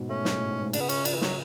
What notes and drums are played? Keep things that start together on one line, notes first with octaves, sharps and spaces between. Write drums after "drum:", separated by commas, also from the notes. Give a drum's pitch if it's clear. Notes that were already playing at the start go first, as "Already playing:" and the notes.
Already playing: G#2 B2
A3 C#4
G#3, drum: snare
A2
G#2
G#2
C#3 D4, drum: cymbal
B3
C#4, drum: cymbal
D4, drum: cymbal
E3
F#3, drum: snare